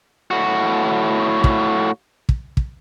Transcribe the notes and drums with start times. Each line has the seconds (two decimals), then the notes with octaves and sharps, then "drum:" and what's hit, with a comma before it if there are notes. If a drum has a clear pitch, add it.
0.31 A2 F#4
1.44 drum: kick
2.29 drum: kick
2.57 drum: kick